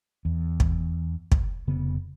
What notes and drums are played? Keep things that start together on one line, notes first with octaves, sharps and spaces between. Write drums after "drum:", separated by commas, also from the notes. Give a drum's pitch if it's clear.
E2
drum: kick
drum: kick
F1 C#3 B3